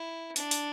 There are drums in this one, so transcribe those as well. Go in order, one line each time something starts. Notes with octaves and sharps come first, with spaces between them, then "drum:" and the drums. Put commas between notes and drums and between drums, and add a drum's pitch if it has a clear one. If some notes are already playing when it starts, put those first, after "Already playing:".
Already playing: E4
D4, drum: open hi-hat
drum: open hi-hat